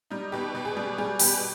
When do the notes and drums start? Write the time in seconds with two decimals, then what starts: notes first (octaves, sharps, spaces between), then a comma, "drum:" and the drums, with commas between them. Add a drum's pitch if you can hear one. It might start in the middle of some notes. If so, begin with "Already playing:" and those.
0.10 G3 D#4
0.32 B2 G4
0.55 B2
0.65 G#4
0.77 G3
0.98 G3 G#4
1.20 B2 G4, drum: open hi-hat